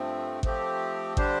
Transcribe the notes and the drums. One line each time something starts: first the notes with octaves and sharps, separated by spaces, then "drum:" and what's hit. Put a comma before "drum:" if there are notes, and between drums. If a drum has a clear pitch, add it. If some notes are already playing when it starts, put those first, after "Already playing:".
Already playing: G2 F3 A3 C4
F3 A3 C4 G4, drum: kick G#1
D3 G3 D4 G4 C5, drum: kick G#1